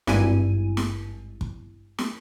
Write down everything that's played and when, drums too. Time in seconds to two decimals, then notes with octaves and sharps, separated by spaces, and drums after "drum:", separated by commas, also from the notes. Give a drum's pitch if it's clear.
0.07 G#1 G2 E4 G#5 D#7, drum: snare
0.77 drum: snare
1.41 drum: kick
1.98 drum: snare